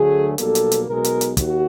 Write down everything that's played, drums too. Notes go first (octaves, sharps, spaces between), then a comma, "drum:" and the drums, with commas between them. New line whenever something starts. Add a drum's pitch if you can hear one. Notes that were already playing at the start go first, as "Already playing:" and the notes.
Already playing: D2 D3 F#3 A3 G#4
B1 B2 G3 A#3 A4, drum: hi-hat
drum: hi-hat
drum: hi-hat
B1 B2 G#3 A#4
drum: hi-hat
drum: hi-hat
D#2 F#4, drum: kick, hi-hat